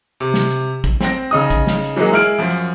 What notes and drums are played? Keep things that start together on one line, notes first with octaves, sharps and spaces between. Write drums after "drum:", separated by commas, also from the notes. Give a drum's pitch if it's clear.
C3
drum: snare
drum: hi-hat
drum: kick, hi-hat
C4 G5 A#6, drum: snare
C#3 D#4 D#6
drum: kick, hi-hat
drum: snare
drum: hi-hat
E3 F#3 G#3 A#3 D#4
G#3 E4 F6 D7
F#2 F3
drum: hi-hat